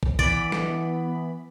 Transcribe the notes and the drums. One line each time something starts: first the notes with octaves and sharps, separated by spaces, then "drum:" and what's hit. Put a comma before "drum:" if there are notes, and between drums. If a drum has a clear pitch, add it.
drum: kick
E3 B3 D5 B5, drum: kick
drum: snare